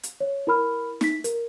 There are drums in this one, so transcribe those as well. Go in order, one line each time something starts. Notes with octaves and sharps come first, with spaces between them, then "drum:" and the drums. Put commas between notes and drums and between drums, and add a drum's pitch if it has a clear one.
drum: hi-hat
C#5
E4 A#4 B5 F6
D#4 B6, drum: snare
A#4, drum: hi-hat